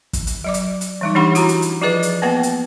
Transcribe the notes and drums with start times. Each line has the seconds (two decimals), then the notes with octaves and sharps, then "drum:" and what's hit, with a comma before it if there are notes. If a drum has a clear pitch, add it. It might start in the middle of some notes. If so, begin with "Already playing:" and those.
0.13 drum: kick G1, hi-hat
0.27 drum: hi-hat
0.44 F#3 D5 D6
0.54 drum: hi-hat
0.81 drum: hi-hat
1.01 E3 G3 D#4
1.15 E3 D4 G4 F#5 B5
1.35 E4 F#4 A#5, drum: hi-hat
1.49 drum: hi-hat
1.62 drum: hi-hat
1.82 F3 F4 G#4 B4 D#5
2.03 drum: hi-hat
2.22 A#3 B3 B4 F#5 G5
2.43 drum: hi-hat